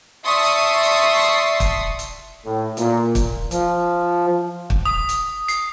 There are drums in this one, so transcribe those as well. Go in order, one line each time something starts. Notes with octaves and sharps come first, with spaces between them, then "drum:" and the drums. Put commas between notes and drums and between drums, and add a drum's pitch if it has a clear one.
D5 E5 A5 C6 C#6 D#6
drum: hi-hat
drum: hi-hat
drum: hi-hat
drum: kick, hi-hat
drum: hi-hat
A2
A#2, drum: hi-hat
drum: kick, hi-hat
F3, drum: hi-hat
drum: kick
D#6
drum: hi-hat
C7, drum: hi-hat